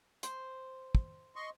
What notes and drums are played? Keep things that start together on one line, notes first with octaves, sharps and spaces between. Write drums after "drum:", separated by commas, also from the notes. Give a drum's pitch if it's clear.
C5, drum: hi-hat
drum: kick
D#5 C6 C#6